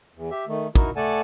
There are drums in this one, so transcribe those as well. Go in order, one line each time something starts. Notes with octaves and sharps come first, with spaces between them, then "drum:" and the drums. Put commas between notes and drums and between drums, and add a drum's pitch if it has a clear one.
E2
G4 E5
D#3 A3
D#4 E4 F#4 A#4, drum: kick
A3 A4 D5 F#5 G#5 A5